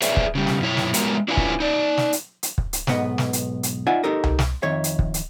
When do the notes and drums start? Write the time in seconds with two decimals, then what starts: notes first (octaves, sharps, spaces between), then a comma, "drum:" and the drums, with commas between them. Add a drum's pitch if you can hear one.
0.02 G#4 B4 C#5 D5 E5, drum: hi-hat
0.17 drum: kick
0.35 C#3 G3
0.47 drum: snare
0.60 F#2 B2 E4 C#5
0.77 drum: snare
0.94 G#3 B3 F#4 A#4 C#5, drum: hi-hat
1.28 D4 E4 F4 B4 C#5 G#5
1.37 drum: kick
1.60 D#4 D5
1.98 drum: snare
2.13 drum: hi-hat
2.43 drum: hi-hat
2.58 drum: kick
2.73 drum: hi-hat
2.87 B1 G#2 B3 B4 D#5, drum: snare
3.18 drum: snare
3.33 drum: hi-hat
3.63 drum: hi-hat
3.87 D#4 F4 D5 E5 F#5 G#5
4.04 D#4 G4 A4 A#4 D#5
4.24 drum: tom C2
4.39 drum: snare
4.62 F2 D#3 C#5 E5
4.84 drum: hi-hat
4.99 drum: kick
5.14 drum: hi-hat